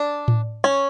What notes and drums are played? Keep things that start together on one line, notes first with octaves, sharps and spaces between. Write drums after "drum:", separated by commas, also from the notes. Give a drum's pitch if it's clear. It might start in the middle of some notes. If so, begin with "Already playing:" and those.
Already playing: D4
drum: tom A2
C#4